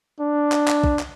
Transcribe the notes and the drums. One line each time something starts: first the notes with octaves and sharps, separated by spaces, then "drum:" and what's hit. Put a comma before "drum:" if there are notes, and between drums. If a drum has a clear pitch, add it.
D4
drum: clap
drum: clap
drum: kick A#1
drum: clap